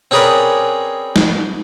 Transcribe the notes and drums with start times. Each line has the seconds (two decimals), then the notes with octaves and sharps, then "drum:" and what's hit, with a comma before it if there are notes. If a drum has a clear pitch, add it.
0.11 C4 C#4 G#4 A#4 B4 D5
1.16 drum: snare